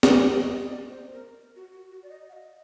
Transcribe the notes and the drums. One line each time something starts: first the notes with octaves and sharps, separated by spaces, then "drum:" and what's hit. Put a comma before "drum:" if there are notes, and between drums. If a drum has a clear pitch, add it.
drum: snare
F#5
D#5
D5
C5
A#4
F#4
F#4
F#4
D5
D#5
F#5
D#5